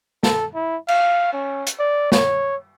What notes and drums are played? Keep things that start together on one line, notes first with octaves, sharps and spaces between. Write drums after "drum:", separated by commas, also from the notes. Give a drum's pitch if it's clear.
A4, drum: snare
E4
F5, drum: cymbal
C#4
drum: hi-hat
D5
C#5, drum: snare